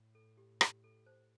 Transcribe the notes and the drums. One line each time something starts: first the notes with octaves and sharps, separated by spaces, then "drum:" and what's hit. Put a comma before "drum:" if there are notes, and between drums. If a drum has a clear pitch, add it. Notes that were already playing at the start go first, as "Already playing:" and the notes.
Already playing: A2
A4
G4
G4, drum: rim click
A4
C5